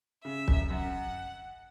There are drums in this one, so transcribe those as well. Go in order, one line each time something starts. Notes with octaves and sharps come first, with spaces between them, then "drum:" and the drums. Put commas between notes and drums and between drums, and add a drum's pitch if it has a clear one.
C#3 E5
F#2, drum: kick
F#2 F#5